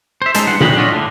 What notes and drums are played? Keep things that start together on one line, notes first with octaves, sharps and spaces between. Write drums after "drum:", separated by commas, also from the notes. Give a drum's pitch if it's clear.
C5 E5
G#3 C#4 D#4 A4 C5, drum: hi-hat
G2 E3 F#5 C6
D2 A#2 D#3 G#3 D#4 B5, drum: tom A#2
F#3 D4 F4 F#4 D#5
A2 D3